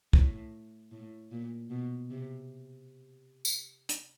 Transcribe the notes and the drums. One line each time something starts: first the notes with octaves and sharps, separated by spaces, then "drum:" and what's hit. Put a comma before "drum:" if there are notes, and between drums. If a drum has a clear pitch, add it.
A2, drum: kick
A2
A#2
B2
C3
drum: tambourine
drum: hi-hat